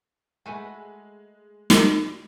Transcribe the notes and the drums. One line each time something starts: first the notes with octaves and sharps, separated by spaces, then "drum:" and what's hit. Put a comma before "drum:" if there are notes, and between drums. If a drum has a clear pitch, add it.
G#3 A3 F#4 B4 G#5
G3 B4, drum: snare